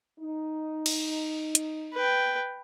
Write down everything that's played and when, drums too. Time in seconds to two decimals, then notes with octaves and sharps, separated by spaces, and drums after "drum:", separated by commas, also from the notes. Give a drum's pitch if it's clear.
0.20 D#4
0.86 drum: cymbal
1.55 drum: hi-hat
1.94 B4 G5